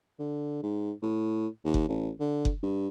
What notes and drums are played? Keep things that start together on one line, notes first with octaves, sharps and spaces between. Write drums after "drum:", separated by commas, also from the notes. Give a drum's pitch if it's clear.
D3
G#2
A2
D#2
drum: kick F#1
A1
D3
drum: kick F#1
G2